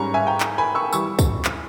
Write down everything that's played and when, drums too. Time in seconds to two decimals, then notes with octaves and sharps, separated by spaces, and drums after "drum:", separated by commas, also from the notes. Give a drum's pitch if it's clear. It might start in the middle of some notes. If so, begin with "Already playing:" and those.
Already playing: G#2 G3 C#4 A#5 C#6
0.14 E5 G#5
0.27 G5 A#5
0.40 drum: clap
0.58 G#5 B5
0.75 C#6 E6
0.93 E3 G3 C#6 E6, drum: tambourine
1.19 drum: kick, tambourine
1.45 drum: clap